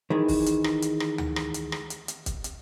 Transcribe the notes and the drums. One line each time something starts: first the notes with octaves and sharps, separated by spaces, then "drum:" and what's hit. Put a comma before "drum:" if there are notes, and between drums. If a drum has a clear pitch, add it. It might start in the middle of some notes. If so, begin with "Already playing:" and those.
D#3 E3 G#3
drum: kick, open hi-hat
drum: hi-hat
drum: rim click
drum: hi-hat
drum: rim click
drum: tom D2
drum: rim click
drum: hi-hat
drum: rim click
drum: hi-hat
drum: hi-hat
drum: kick, hi-hat
drum: hi-hat